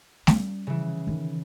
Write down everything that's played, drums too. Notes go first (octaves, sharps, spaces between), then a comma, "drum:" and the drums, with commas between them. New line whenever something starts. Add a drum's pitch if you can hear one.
G3 C#4, drum: snare A3
C#3 E3
D#3